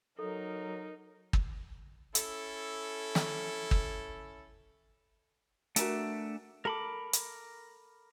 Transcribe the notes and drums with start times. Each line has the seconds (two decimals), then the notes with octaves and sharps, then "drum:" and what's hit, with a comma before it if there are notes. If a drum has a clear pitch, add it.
0.19 F#3 D#4 A4 A#4
1.33 drum: kick
2.15 C#4 E4 A4, drum: hi-hat
3.15 drum: snare
3.71 drum: kick
5.76 A3 D4 F#4 A#4 E5 G#5, drum: hi-hat
6.65 A4 A#4 B5 D6
7.13 drum: hi-hat